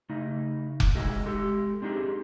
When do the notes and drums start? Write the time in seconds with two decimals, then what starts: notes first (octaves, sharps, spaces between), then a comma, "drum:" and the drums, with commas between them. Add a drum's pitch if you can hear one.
0.09 C#3 A3 D#4
0.80 drum: kick F1
0.95 C3 G3 G#3 D#4 F#4 A4
1.26 G#3 G4 A4
1.82 C4 D4 D#4 G4 G#4